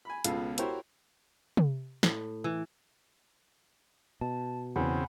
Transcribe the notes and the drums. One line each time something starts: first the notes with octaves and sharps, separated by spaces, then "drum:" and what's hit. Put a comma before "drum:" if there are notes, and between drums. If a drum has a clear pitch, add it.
G#5 B5
C#2 B2 B3 F4 A4 F5, drum: hi-hat
E4 F#4 G4 A#4 C5 C#5, drum: hi-hat
drum: tom
A2, drum: snare
E3
B2 A5
E2 C#3 C4 F#5 G#5 B5